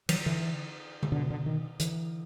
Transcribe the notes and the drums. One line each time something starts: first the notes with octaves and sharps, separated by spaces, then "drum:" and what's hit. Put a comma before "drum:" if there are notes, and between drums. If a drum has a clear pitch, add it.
E3 F#3, drum: cymbal
D3 E3
drum: tom D3
B2 D3
D3
D#3
D3 E3, drum: hi-hat